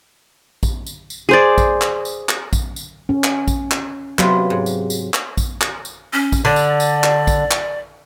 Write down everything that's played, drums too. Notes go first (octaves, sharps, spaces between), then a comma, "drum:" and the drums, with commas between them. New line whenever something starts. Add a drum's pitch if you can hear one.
drum: kick A#1, tambourine
drum: tambourine
drum: tambourine
G#4 C5 D5
drum: kick A#1, tambourine
drum: clap
drum: tambourine
drum: clap
drum: kick A#1, tambourine
drum: tambourine
C#4
drum: clap
drum: kick A#1, tambourine
drum: clap
C3 F#3 B3 F4, drum: clap
G#2
drum: tambourine
drum: tambourine
drum: clap
drum: kick A#1, tambourine
drum: clap
drum: tambourine
C#4
drum: kick A#1, tambourine
D3 D5
drum: tambourine
drum: tambourine
drum: clap
drum: kick A#1, tambourine
drum: clap